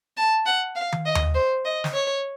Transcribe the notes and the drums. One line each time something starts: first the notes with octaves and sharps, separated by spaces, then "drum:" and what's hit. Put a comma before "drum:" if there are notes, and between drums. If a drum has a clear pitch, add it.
A5
F#5
F5
drum: tom
D#5
drum: tom D#2
C5
D#5
drum: snare
C#5